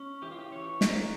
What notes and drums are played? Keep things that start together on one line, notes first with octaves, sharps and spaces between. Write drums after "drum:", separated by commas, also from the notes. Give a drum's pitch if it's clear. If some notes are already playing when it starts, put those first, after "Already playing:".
Already playing: C#4
E3 G4
F4
G4
E3 C#5
G#3 A#4, drum: snare